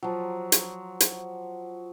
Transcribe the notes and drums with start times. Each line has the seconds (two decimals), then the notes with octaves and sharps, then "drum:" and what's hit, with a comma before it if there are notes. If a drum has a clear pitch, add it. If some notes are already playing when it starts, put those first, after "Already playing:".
0.03 F3 F#3
0.52 drum: hi-hat
1.00 drum: hi-hat